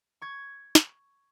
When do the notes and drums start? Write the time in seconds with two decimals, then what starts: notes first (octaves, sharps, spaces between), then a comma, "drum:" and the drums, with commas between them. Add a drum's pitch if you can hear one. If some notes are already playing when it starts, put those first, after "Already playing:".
0.22 C#6 G#6
0.75 drum: snare